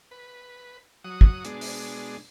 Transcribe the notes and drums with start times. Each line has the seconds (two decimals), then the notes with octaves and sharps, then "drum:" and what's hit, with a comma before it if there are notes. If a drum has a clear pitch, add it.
0.11 B4
1.04 F#3 F#5 D#6
1.21 drum: kick
1.45 B2 G#3 D4, drum: hi-hat
1.61 drum: open hi-hat